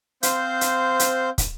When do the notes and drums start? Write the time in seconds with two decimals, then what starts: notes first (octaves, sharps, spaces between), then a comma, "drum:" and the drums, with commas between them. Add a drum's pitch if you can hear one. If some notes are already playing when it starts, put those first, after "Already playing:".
0.23 C4 C5 F5 G6, drum: hi-hat
0.61 drum: hi-hat
0.99 drum: hi-hat
1.38 drum: kick, hi-hat